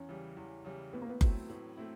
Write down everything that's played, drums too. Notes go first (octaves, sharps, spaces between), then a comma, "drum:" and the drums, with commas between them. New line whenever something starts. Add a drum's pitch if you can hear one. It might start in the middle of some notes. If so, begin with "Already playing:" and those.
Already playing: E2 C#4
C#3 E3 G3
E2
C#3 E3 G3
A2 B3
A#3
B3
F#3 A3 C4 E4, drum: kick F#1
A2
A3 C4 E4